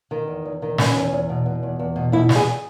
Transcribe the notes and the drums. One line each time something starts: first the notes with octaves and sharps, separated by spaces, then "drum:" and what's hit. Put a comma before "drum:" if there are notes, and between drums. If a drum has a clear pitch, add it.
D#3
E2
E2
D#3
B2 C#4, drum: snare
E2
E2
B2
B2
E2
E2
B2
B2 E4
E2, drum: snare
G#4